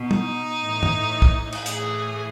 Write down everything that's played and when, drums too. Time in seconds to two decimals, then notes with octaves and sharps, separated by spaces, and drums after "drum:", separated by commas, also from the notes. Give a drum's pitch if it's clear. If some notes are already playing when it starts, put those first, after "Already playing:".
Already playing: B2
0.11 D#4, drum: tom
0.63 A2 E3
0.83 drum: tom G2
1.22 drum: kick
1.52 drum: cymbal
1.66 A2 E3 G#4, drum: hi-hat